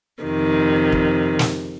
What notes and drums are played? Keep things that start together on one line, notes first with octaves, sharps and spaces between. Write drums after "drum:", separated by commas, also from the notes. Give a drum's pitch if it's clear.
F2 C3 D#3
drum: kick
drum: snare